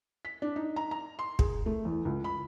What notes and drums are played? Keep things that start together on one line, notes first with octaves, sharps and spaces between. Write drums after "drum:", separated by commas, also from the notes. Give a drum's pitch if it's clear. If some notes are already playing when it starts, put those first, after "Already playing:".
B6
D4
D#4
A#5
A#5
C6
G#4, drum: kick
A3
E2
C#2
B5